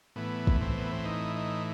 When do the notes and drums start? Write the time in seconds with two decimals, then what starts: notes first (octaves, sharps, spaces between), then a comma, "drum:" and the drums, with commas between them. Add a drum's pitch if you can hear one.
0.16 A2 E3 B3
0.47 drum: kick
0.61 C4
0.78 B3
0.92 C4
1.05 D#4
1.36 D#4